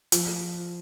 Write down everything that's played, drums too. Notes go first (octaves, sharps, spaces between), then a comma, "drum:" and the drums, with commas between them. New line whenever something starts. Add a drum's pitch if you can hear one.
F3, drum: hi-hat